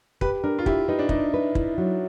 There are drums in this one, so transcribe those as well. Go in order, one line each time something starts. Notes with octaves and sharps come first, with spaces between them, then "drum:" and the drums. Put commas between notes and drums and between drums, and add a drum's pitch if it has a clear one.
G4 B4, drum: kick
D4 A#4
F4
E4 G4, drum: kick
D#4 B4
D4
D4 D#4, drum: kick
B4
E4, drum: kick
F#3